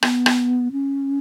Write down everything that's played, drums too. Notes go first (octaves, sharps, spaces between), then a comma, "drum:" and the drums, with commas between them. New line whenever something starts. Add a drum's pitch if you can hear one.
B3, drum: rim click
drum: rim click
C#4